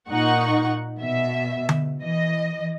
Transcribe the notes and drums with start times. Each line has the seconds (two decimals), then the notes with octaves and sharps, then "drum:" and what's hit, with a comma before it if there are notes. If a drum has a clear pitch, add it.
0.10 A#2 D#4 F#5 C#6
0.98 B2 E5
1.69 drum: tom D3
1.99 E3 D#5